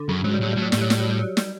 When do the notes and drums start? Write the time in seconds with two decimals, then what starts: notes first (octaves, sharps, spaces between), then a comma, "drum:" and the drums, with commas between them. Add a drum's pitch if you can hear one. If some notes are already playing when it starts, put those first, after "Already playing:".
Already playing: D3
0.09 F#2 C#3
0.24 G#2 F#3
0.34 G3
0.41 A2 F#3
0.53 A2 G3
0.62 F#3
0.72 A2 G3, drum: snare
0.81 F#3
0.90 G3, drum: snare
1.00 F#3
1.10 G3
1.19 F#3
1.37 G3, drum: snare